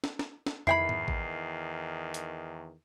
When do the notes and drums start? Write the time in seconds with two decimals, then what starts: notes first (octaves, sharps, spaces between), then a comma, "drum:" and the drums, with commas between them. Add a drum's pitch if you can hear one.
0.04 drum: snare
0.19 drum: snare
0.46 drum: snare
0.67 E2 D#3 E4 G5 B5 C7, drum: tom
0.89 drum: tom G#2
1.08 drum: kick A1
2.14 drum: hi-hat